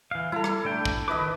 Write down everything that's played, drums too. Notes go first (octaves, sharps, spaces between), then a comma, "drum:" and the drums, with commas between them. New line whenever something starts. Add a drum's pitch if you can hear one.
E3 F5
G3 E4 A4 A#5
drum: rim click
A3 D4 G5
drum: kick
D#3 B4 D#5 E5 D6